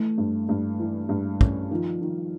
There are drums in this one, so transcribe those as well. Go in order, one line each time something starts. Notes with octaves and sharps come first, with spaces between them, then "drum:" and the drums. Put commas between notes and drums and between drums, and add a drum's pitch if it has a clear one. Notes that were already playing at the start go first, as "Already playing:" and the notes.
Already playing: E3 A3
G2
G2
E3
G2
C#4, drum: kick
D#3 F3
D#3